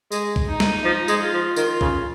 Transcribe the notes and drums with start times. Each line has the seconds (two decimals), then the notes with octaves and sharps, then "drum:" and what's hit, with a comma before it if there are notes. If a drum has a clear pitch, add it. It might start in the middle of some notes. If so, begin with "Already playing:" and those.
0.12 G#3, drum: tambourine
0.36 drum: kick
0.48 D#4
0.60 drum: snare
0.84 F3 D#4
1.08 G#3, drum: tambourine
1.21 F4
1.33 F3
1.56 D#3 F4, drum: tambourine
1.81 C#3, drum: kick